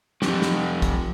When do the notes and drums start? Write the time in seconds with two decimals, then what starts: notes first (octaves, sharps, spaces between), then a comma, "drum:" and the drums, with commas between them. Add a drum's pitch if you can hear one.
0.22 F3 C4 G4, drum: snare
0.42 drum: snare
0.82 drum: kick, hi-hat